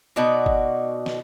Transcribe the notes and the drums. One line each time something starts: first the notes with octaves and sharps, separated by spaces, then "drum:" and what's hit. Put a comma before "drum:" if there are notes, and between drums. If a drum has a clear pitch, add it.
B2 D#4 F#4 D5
drum: kick G1
drum: snare